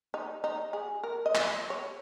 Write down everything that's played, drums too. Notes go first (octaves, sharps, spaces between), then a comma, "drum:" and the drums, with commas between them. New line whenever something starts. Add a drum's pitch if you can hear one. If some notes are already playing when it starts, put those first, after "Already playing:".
D#4
D#4
G#4
A#4
D#5
drum: clap
C#5